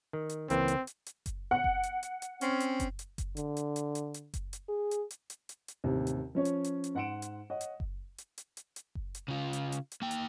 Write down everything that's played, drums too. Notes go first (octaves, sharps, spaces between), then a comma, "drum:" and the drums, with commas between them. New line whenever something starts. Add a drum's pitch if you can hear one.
D#3
drum: hi-hat
C#2 E3 A#3 C4, drum: hi-hat
drum: hi-hat
drum: hi-hat
drum: hi-hat
drum: kick F#1, hi-hat
F#5
drum: kick F#1
drum: hi-hat
drum: hi-hat
drum: hi-hat
C4 C#4, drum: hi-hat
drum: hi-hat
drum: kick F#1, hi-hat
drum: hi-hat
drum: kick F#1, hi-hat
D3, drum: hi-hat
drum: hi-hat
drum: hi-hat
drum: hi-hat
drum: hi-hat
drum: kick F#1, hi-hat
drum: hi-hat
G#4
drum: hi-hat
drum: hi-hat
drum: hi-hat
drum: hi-hat
drum: hi-hat
A1 D#2 C3
drum: hi-hat
F3 C#4 C#5
drum: hi-hat
drum: hi-hat
drum: hi-hat
G#2 F#5 C6 C#7 D7 E7
drum: hi-hat
C#5 D#5 F#5
drum: hi-hat
drum: kick F#1
drum: hi-hat
drum: hi-hat
drum: hi-hat
drum: hi-hat
drum: kick F#1
drum: hi-hat
C#3 F4
drum: hi-hat
drum: hi-hat
drum: hi-hat
A#3 G5
drum: hi-hat